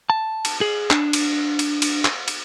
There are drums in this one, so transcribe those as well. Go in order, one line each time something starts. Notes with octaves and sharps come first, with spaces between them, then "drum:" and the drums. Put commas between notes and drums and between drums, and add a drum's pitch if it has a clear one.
A5
drum: cymbal
G#4
D4, drum: clap
drum: cymbal
drum: cymbal
drum: cymbal
drum: clap
drum: cymbal